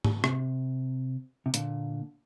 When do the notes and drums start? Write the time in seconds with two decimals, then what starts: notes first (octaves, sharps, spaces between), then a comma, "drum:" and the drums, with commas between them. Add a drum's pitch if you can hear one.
0.04 drum: tom G#2
0.24 C3, drum: rim click
1.46 C3
1.54 A#2 D3, drum: hi-hat